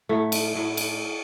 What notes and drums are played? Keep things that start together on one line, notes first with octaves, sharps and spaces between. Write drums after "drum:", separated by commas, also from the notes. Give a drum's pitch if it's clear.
A2 F#3 A3
drum: cymbal
A2 F#3
drum: cymbal